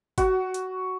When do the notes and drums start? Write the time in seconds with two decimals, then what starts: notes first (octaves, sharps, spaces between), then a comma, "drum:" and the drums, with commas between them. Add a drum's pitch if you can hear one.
0.18 F#4, drum: kick G1, hi-hat
0.54 drum: hi-hat